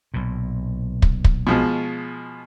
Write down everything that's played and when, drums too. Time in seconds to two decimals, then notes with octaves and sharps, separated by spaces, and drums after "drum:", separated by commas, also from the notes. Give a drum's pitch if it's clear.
0.14 B1 A#2
1.02 drum: kick
1.24 drum: kick
1.47 B2 F3 G#3